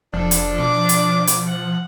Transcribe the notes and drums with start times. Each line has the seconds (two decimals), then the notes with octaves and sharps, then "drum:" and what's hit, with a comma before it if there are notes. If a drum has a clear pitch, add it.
0.14 F1 F3 D4 A4
0.31 drum: hi-hat
0.59 B2 D6
0.89 drum: hi-hat
1.27 drum: hi-hat
1.47 F#5